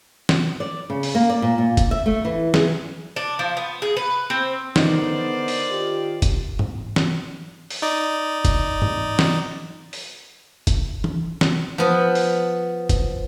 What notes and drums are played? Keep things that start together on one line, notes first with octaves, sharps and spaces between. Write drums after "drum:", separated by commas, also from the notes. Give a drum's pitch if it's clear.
drum: snare
D5
C#3
drum: open hi-hat
A#3
D5
A#2
A#2
drum: kick F1, hi-hat
E5
A3
E3
G#4, drum: snare
D4
F3
B3
G#4
B4
C4
D3 D#3 B3 D#4 C5 D5, drum: snare
drum: open hi-hat
F4 G4
drum: kick F1, hi-hat
drum: tom G#2
drum: snare
drum: open hi-hat
D#4 D5
drum: kick F1, hi-hat
drum: tom G#2
drum: snare
drum: open hi-hat
drum: kick F1, hi-hat
drum: tom E3
drum: snare
F3 B3
drum: open hi-hat
drum: kick F1, hi-hat